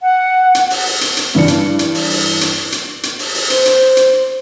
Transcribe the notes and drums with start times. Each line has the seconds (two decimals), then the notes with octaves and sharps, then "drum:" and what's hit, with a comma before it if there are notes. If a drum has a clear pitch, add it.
0.01 F#5
0.55 drum: hi-hat
0.70 drum: open hi-hat
0.86 drum: open hi-hat
1.01 drum: hi-hat
1.17 drum: hi-hat
1.35 G2 E3 D4 C#7
1.48 drum: hi-hat
1.79 drum: hi-hat
1.95 drum: open hi-hat
2.10 drum: open hi-hat
2.41 drum: hi-hat
2.72 drum: hi-hat
3.03 drum: hi-hat
3.19 drum: open hi-hat
3.34 drum: open hi-hat
3.50 C5, drum: hi-hat
3.66 drum: hi-hat
3.97 drum: hi-hat